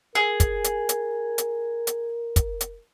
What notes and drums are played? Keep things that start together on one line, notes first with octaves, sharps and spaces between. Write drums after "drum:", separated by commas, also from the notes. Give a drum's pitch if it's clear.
G#4 A#4
drum: kick, hi-hat
drum: hi-hat
drum: hi-hat
drum: hi-hat
drum: hi-hat
drum: kick, hi-hat
drum: hi-hat